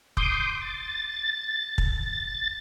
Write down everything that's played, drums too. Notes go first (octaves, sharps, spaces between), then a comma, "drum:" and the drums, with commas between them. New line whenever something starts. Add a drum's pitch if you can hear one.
C6 D6 D#6 G6, drum: kick
A6
drum: kick